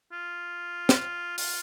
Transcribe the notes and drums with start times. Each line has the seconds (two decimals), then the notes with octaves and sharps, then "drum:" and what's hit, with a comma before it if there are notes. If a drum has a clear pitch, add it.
0.12 F4
0.89 drum: snare
1.38 F4, drum: open hi-hat